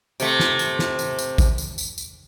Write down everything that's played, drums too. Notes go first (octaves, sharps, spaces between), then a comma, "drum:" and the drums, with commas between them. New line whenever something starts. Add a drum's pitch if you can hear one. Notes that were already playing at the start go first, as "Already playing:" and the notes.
C3 A3, drum: tambourine
drum: snare
drum: tambourine
drum: snare
drum: tambourine
drum: tambourine
drum: kick A1, tambourine
drum: tambourine
drum: tambourine
drum: tambourine